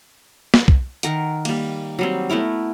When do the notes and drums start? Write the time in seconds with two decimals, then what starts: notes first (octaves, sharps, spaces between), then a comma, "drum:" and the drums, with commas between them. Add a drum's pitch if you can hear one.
0.54 drum: snare
0.68 drum: kick B1
1.03 D#3 A#4 F#5, drum: hi-hat
1.45 G3 A#3, drum: cymbal
1.99 F#3 G3 C4
2.30 A3 B3 E4 A#4